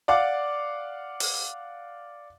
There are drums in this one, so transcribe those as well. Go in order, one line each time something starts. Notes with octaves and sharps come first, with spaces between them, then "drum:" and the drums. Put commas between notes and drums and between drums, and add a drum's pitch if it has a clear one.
D5 F5 F#5 D6
drum: open hi-hat